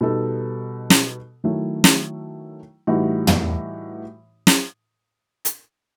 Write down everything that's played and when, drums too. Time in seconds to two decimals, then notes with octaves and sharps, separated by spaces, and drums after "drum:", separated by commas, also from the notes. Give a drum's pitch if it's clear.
0.01 B2 G3 D#4 A4
0.90 drum: snare
1.44 D#3 F#3 A3 E4
1.84 drum: snare
2.87 A2 E3 G3 D#4 F#4
3.27 drum: tom
4.47 drum: snare
5.45 drum: hi-hat